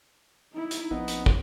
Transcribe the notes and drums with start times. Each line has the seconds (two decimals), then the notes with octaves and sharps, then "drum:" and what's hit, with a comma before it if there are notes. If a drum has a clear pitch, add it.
0.53 D#4 E4
0.71 drum: hi-hat
0.91 A#1 B3 C4 D#4
1.08 drum: hi-hat
1.26 drum: kick